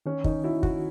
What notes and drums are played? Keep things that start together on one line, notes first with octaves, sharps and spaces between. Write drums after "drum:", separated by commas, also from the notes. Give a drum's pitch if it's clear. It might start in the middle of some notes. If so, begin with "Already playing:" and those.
D#3 C#4
D#3 D#4, drum: kick
E4 F#4
F#4, drum: kick